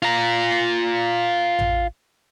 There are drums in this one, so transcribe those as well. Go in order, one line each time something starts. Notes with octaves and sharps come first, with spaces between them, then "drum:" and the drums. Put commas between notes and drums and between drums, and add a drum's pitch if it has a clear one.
F4 A#5
drum: tom A1